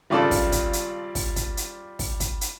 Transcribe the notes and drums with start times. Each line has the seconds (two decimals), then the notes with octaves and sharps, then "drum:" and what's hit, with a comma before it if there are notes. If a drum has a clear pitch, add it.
0.10 G#1 C#3 G3 F4 A4 D5
0.31 drum: kick, open hi-hat
0.52 drum: kick, hi-hat
0.73 drum: hi-hat
1.15 drum: kick, open hi-hat
1.36 drum: kick, hi-hat
1.57 drum: hi-hat
1.99 drum: kick, open hi-hat
2.20 drum: kick, hi-hat
2.41 drum: hi-hat